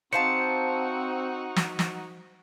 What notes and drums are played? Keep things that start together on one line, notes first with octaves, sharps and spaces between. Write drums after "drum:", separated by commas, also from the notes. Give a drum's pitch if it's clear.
C4 D#4 F#4 C5 F5 A5 C#7
drum: snare
drum: snare